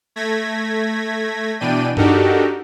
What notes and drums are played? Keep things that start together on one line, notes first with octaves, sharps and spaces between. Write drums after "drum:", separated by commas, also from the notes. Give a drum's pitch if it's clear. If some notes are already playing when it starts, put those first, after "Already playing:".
A3 G#6 A#6 B6
B2 E3 D4 D5 G5 D#7
D4 D#4 F#4 G4 A4 A#4, drum: tom G2